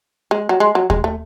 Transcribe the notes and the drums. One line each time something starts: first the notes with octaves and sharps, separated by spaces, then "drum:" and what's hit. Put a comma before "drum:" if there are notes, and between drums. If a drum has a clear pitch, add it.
G#3
F#3
G#3
F#3
G#3, drum: kick D#2
A3